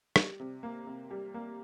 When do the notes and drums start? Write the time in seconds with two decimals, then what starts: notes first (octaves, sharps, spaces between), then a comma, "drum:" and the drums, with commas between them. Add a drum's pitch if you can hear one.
0.16 G3, drum: rim click
0.40 C3
0.63 A#3
0.87 C3
1.11 G3
1.34 A#3